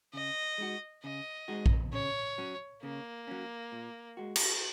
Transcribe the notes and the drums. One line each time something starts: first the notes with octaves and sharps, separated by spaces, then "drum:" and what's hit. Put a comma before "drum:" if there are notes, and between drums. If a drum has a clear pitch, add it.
C#3 D#5
G#3 D#4 F#4
C#3 D#5
G#3 D#4 F#4
drum: kick A#1
C#3 C#5
F#3 C#4
C#3 A#3
F#3 C#4
A#2
G#3 F#4
drum: cymbal